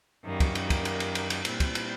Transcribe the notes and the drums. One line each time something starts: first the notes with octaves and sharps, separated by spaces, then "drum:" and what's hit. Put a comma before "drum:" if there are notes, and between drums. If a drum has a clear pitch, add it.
F#2 D#3 G3 A#3
drum: kick, cymbal
drum: cymbal
drum: kick, cymbal
drum: cymbal
drum: cymbal
drum: cymbal
drum: cymbal
A#2 G3 C4 E4, drum: cymbal
drum: kick, cymbal
drum: cymbal